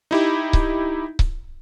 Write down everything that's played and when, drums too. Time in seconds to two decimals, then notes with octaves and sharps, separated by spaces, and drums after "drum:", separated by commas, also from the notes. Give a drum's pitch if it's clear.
0.11 D#4 E4 G4
0.53 drum: kick C#1
1.19 drum: kick C#1